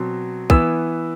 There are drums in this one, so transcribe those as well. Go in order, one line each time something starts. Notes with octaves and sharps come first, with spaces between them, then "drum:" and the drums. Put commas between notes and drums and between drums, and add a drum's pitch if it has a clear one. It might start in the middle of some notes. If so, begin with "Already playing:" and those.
Already playing: B2 F#3 C4
E3 B3 E4 E6, drum: kick